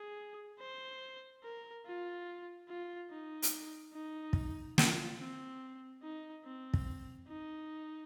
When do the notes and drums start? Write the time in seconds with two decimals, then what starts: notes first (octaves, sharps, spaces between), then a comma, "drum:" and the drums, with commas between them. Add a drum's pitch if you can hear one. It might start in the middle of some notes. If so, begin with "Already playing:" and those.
Already playing: G#4
0.60 C5
1.44 A#4
1.86 F4
2.69 F4
3.11 D#4
3.42 drum: hi-hat
3.93 D#4
4.33 drum: kick
4.78 F4, drum: snare
5.19 C4
6.03 D#4
6.45 C4
6.74 drum: kick
7.28 D#4